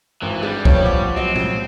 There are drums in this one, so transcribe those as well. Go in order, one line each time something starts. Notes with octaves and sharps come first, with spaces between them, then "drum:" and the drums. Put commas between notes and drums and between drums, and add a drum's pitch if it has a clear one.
G#1 E3
G3 D4 G#4
F3 G4 B4 C#5, drum: kick B1
F#5 D6
F#3 C4 D#5 F#5
G3, drum: tom A2